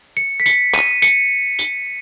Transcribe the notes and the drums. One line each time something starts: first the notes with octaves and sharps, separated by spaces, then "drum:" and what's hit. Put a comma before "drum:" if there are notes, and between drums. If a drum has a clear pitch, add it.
C#7
B6
C#7, drum: tambourine
D#7, drum: clap
C#7, drum: tambourine
drum: tambourine